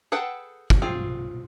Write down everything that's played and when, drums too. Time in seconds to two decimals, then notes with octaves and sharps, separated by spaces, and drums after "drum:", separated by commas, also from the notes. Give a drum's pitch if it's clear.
0.12 G#4 A4 B4 F#5 G5
0.70 drum: kick
0.82 C4 F4 G#4